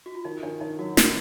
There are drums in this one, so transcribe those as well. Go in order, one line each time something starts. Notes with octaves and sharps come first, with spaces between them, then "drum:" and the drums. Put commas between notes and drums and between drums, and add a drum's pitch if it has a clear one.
F#4
F4
D#3 D#4
D#3 D4
D#3 D#4
F#3 F#4
D#3 F#4, drum: snare